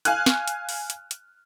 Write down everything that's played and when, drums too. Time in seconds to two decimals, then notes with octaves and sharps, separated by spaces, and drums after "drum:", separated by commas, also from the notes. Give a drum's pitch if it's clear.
0.05 F5 G#5 F6 F#6, drum: hi-hat
0.26 drum: snare
0.48 drum: hi-hat
0.69 drum: open hi-hat
0.90 drum: hi-hat
1.11 drum: hi-hat